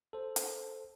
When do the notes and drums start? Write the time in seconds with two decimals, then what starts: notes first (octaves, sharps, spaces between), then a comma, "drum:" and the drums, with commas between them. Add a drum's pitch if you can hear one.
0.13 A4 C5
0.36 drum: hi-hat